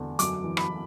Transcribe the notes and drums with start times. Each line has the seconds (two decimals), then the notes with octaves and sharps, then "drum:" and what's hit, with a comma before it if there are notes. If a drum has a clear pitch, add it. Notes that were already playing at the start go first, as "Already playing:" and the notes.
Already playing: E2 D3
0.19 F#2 D6, drum: hi-hat
0.44 E3
0.57 B5, drum: rim click
0.69 E3